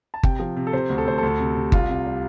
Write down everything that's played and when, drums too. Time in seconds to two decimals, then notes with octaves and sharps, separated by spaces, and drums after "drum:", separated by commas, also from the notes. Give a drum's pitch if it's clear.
0.14 A5
0.23 C3 G5, drum: kick G1
0.40 F3
0.56 C3
0.67 A4
0.73 C3 C5
0.90 D2
0.98 A4
1.07 D2 C5
1.18 D2 A4
1.40 C3
1.55 C3
1.72 C2 F4, drum: kick G1
1.89 C3
2.06 G3